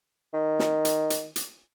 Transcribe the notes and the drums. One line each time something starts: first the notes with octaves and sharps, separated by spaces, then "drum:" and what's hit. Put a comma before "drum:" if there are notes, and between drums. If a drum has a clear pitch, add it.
D#3
drum: snare
drum: hi-hat
drum: hi-hat
drum: hi-hat